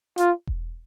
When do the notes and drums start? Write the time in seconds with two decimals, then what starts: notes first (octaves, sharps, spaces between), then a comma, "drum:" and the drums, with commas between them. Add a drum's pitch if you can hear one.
0.18 F4, drum: hi-hat
0.47 drum: kick E1